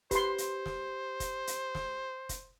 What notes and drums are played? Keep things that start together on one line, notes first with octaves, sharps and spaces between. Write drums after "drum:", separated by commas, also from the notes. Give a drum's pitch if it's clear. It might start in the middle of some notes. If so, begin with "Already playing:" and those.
G4 B4 C5 C6, drum: kick, hi-hat
drum: hi-hat
drum: snare
drum: kick, hi-hat
drum: hi-hat
drum: snare
drum: kick, hi-hat